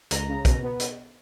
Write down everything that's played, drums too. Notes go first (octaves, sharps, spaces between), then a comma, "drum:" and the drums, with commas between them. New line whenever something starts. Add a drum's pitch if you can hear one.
C#2 A#5, drum: hi-hat
C#3
B2, drum: kick, hi-hat
B3
drum: hi-hat